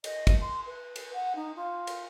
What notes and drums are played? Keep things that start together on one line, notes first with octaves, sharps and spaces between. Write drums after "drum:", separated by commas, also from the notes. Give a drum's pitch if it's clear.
D#5, drum: cymbal
drum: kick, cymbal
C6
B4
drum: cymbal
F#5
D#4
F4
drum: cymbal